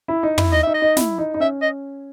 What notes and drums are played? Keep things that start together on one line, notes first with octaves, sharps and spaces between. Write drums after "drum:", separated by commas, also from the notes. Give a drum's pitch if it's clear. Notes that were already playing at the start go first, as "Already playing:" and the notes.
E4
D#4
E4, drum: tom
D#4 D#5
D#4 E5
D#5
D#4
E4, drum: snare
D#4
D#4
C#4 E5
D#5